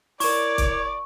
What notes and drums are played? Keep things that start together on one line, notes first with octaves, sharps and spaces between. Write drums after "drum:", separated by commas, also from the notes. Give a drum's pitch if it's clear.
E4 A#4 C#5 D5 C#6, drum: open hi-hat
drum: kick C#1, hi-hat